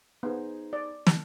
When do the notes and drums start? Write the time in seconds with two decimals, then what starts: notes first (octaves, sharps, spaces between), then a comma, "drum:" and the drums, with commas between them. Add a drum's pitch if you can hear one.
0.23 B3 D#4 G#4 C5
0.73 D5
1.07 A5, drum: snare